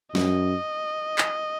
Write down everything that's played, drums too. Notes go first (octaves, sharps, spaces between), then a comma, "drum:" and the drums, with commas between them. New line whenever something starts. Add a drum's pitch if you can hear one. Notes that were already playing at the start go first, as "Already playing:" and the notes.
F#2 D#5, drum: snare
drum: clap